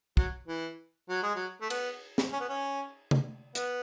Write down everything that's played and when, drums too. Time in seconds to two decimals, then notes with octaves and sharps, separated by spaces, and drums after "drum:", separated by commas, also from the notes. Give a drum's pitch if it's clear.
0.17 F#3, drum: kick
0.48 E3
1.09 F#3
1.22 G#3
1.35 F#3
1.61 A3
1.70 B3, drum: cymbal
2.18 drum: snare
2.32 C#4
2.40 B3
2.48 C#4
3.11 drum: tom C3
3.55 B3, drum: hi-hat